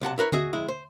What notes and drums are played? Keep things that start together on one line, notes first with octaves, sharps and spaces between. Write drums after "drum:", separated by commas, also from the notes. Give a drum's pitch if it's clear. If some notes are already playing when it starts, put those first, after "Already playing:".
B1 C3 F#5 A5
E4 A#4 B4 C#5
F#4 G#4 D#5 E5, drum: tom D3
F2 G#3 E4
C5